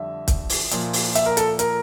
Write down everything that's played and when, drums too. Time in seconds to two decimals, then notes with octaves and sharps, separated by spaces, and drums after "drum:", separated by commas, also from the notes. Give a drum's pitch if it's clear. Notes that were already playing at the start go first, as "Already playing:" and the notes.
Already playing: F2 D3 G3 E5
0.28 drum: kick, hi-hat
0.49 drum: open hi-hat
0.71 A#2 F3, drum: hi-hat
0.93 drum: open hi-hat
1.15 E5, drum: hi-hat
1.26 A#4
1.37 A4, drum: hi-hat
1.59 A#4, drum: hi-hat